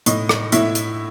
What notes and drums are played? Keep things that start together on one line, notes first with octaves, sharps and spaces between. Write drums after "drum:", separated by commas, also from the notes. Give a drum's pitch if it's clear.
A2 D#4 D#5, drum: hi-hat
drum: rim click
A2 E4 E5, drum: hi-hat
drum: hi-hat